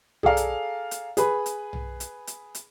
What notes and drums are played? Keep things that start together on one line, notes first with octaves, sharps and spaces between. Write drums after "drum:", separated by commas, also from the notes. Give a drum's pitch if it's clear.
G#4 A4 D5 F5 A#5, drum: tom B1
drum: hi-hat
drum: hi-hat
G#4 B4 B5, drum: hi-hat
drum: hi-hat
drum: tom B1
drum: hi-hat
drum: hi-hat
drum: hi-hat